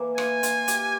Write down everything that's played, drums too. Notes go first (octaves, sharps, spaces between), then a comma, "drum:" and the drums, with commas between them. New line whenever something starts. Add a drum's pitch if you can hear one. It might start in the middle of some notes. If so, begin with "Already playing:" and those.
Already playing: E3 A#3
F4 G#5, drum: rim click
F4, drum: hi-hat
G4, drum: hi-hat